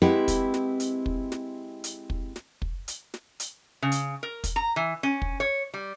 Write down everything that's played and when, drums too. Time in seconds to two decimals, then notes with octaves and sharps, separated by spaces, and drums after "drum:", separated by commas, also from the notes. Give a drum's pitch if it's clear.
0.02 G#3 C4 E4 G4 B4 F#5
0.28 drum: kick, hi-hat
0.54 drum: snare
0.80 drum: hi-hat
1.06 drum: kick
1.32 drum: snare
1.84 drum: hi-hat
2.10 drum: kick
2.36 drum: snare
2.62 drum: kick
2.88 drum: hi-hat
3.14 drum: snare
3.40 drum: hi-hat
3.82 C#3
3.92 drum: hi-hat
4.23 A#4
4.44 drum: kick, hi-hat
4.56 A#5
4.76 E3
5.03 C#4
5.22 drum: kick
5.40 C#5
5.74 G3